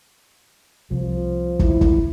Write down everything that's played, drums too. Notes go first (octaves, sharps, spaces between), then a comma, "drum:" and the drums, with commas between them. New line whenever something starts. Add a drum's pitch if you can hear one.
C2 C3 F3
E4, drum: kick
drum: kick